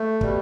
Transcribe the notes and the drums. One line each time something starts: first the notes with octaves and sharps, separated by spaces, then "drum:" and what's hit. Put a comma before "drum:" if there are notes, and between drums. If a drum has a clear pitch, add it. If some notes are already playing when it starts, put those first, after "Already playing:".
Already playing: A3
B2 G3, drum: kick